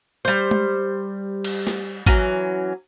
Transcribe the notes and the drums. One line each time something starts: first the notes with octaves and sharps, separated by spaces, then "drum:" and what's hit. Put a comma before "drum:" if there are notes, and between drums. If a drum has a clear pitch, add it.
G3 C5
drum: tom G#3
drum: cymbal
drum: snare
E3 F#3 C#4, drum: kick